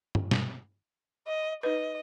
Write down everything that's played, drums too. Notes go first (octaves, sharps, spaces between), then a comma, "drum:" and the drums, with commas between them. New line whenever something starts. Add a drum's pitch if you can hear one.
drum: tom
drum: snare
D#5
D#4 B4 D#5